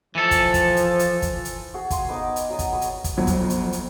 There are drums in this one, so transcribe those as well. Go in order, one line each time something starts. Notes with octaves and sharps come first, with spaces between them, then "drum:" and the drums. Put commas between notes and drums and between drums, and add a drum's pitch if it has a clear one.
E3 F3 A4
drum: kick, hi-hat
drum: kick, hi-hat
drum: hi-hat
drum: hi-hat
drum: kick, hi-hat
drum: hi-hat
F#4 G#4
F5 G#5 C6, drum: kick, hi-hat
B3 D#4 D#5 D6
drum: hi-hat
F#3 D5 D#5
drum: kick, hi-hat
G#4 B4 C#6
drum: hi-hat
drum: kick, hi-hat
G1 F2 F#3
drum: kick, hi-hat
drum: hi-hat
drum: hi-hat